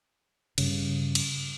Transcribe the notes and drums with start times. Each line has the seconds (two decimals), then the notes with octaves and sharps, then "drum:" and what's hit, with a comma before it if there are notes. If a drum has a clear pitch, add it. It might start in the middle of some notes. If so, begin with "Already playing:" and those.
0.58 G2 C#3, drum: cymbal
1.15 drum: cymbal